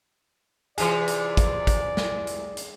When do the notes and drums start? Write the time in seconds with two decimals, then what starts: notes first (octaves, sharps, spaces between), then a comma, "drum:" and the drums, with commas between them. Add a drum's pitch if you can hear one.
0.78 C3 E3 F4 G#4 D5, drum: hi-hat
1.08 drum: hi-hat
1.37 drum: kick, hi-hat
1.67 drum: kick, hi-hat
1.97 drum: snare
2.27 drum: hi-hat
2.57 drum: hi-hat